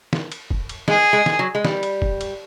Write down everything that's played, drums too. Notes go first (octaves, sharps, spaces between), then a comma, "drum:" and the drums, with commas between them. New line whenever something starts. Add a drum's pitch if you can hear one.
drum: snare
drum: cymbal
drum: kick
drum: cymbal
G#3 G#4, drum: snare
G#3
drum: snare
F#3
G#3
G3, drum: snare
drum: cymbal
drum: kick
drum: cymbal